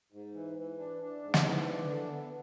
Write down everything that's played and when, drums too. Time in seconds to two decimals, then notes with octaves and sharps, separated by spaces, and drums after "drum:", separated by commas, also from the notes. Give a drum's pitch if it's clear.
0.12 G#2
0.35 E3
0.58 E3
0.79 D4
1.02 D4
1.22 G#2
1.34 drum: snare
1.45 E3
1.68 D4
1.89 D3
2.11 B3